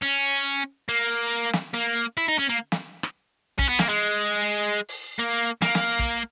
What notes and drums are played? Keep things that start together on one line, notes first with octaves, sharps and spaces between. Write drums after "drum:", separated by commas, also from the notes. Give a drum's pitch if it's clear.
C#4
A#3
drum: snare
A#3
E4
D#4
C#4
A#3
drum: snare
drum: rim click
C#4, drum: kick
B3
A#3, drum: snare
G#3
drum: open hi-hat
A#3
A#3, drum: snare
drum: snare
drum: kick